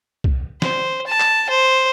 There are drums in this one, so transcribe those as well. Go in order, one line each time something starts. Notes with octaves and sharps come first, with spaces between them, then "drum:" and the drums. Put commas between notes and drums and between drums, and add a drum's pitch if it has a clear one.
drum: kick C2
C5, drum: snare
A5
drum: clap
C5